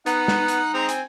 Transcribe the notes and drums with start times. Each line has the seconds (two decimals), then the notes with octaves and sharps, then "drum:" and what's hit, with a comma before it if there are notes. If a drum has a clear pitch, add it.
0.06 B3 D#4 F#5, drum: hi-hat
0.28 drum: snare
0.48 drum: hi-hat
0.74 G#3 C4 A#5
0.89 G#5, drum: hi-hat